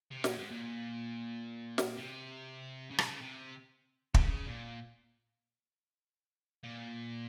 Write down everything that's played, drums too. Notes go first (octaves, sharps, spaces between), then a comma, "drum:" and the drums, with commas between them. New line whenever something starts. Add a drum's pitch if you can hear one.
C3
A#2, drum: snare
G#2
A#2
drum: snare
C3
C#3
C3, drum: rim click
C#3
C3
C#3, drum: kick
A#2
A#2